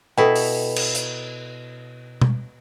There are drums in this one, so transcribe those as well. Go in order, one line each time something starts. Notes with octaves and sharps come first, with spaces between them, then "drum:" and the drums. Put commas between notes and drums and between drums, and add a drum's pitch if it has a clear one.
B2 E4 A4 G5
drum: open hi-hat
drum: cymbal
drum: hi-hat
drum: tom B2